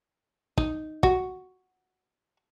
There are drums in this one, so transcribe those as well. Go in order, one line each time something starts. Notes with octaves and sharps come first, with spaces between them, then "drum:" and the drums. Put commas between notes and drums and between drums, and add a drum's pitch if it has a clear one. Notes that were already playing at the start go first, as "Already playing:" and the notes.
D#4, drum: kick
F#4, drum: kick